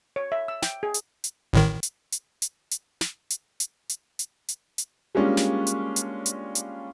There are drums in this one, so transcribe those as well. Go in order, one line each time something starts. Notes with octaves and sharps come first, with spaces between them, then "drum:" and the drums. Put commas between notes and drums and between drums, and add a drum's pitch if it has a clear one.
C#5
E5
E6
G5, drum: snare
G#4
drum: hi-hat
drum: hi-hat
A1 A2 D#3
drum: hi-hat
drum: hi-hat
drum: hi-hat
drum: hi-hat
drum: snare
drum: hi-hat
drum: hi-hat
drum: hi-hat
drum: hi-hat
drum: hi-hat
drum: hi-hat
G3 G#3 A#3 C#4 D4 F4
drum: snare
drum: hi-hat
drum: hi-hat
drum: hi-hat
drum: hi-hat